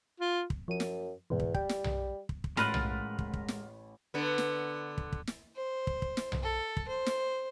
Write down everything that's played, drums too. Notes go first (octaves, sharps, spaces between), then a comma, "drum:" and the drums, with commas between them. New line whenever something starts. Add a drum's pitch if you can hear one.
F4
drum: kick
F#2 F3 D#7
drum: snare
E2 G#2 B2 E3
drum: kick
G3 G5, drum: kick
drum: snare
drum: tom B1
drum: kick
drum: kick
A1 G#3 F4 A#4 B4 F#5 B5 F#6, drum: snare
drum: tom B1
drum: kick
drum: kick
drum: snare
D3 B3
drum: snare
drum: kick
drum: kick
drum: snare
C5
drum: kick
drum: kick
drum: snare
drum: tom B1
A4
drum: kick
C5
drum: snare